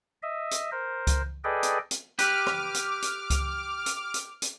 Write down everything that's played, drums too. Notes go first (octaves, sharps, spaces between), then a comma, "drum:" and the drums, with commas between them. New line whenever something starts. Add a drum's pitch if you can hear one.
D#5 E5
drum: hi-hat
A#4 C5
drum: kick C#2, hi-hat
G#4 A4 B4 D5 D#5 G5
drum: hi-hat
drum: hi-hat
G4 B4 D6 F6, drum: hi-hat
drum: rim click
drum: hi-hat
drum: hi-hat
drum: kick C#2, hi-hat
drum: hi-hat
drum: hi-hat
drum: hi-hat